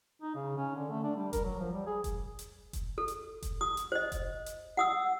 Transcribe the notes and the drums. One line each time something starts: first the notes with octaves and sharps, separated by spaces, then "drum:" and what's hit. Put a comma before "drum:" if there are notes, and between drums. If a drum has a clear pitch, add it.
D#4
C#3
C#4
D3
A3
D4
G3
A#4, drum: kick F1, hi-hat
F#3
F3
G3
G#4
drum: kick F1, hi-hat
drum: hi-hat
drum: kick F1, hi-hat
A4
drum: hi-hat
drum: kick F1, hi-hat
D#6
drum: hi-hat
C5 D#5
drum: kick F1, hi-hat
drum: hi-hat
F#5 D#6 E6